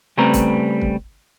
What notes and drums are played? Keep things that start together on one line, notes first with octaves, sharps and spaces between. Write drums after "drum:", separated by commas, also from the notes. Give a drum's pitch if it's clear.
C#3 G3 A3 C4 B4 A#5
drum: kick, hi-hat
drum: kick